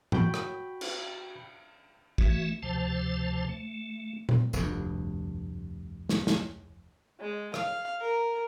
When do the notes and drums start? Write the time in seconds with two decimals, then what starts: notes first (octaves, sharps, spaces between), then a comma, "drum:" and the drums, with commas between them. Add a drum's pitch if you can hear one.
0.12 F#4 G5 B5 G6, drum: tom G#2
0.34 drum: rim click
0.81 drum: cymbal
2.18 E3 A3 F#4 E5, drum: kick
2.63 D2 C3 F3 C5 A5
3.49 A3
4.29 drum: tom A#2
4.53 F1 D2 G2, drum: tambourine
6.09 drum: snare
6.27 drum: snare
7.21 G#3
7.54 F5, drum: rim click
8.01 A#4